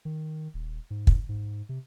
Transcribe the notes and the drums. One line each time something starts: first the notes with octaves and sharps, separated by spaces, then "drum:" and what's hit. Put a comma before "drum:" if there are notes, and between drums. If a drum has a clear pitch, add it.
D#3
D#1
G#2
drum: kick
G#2
C3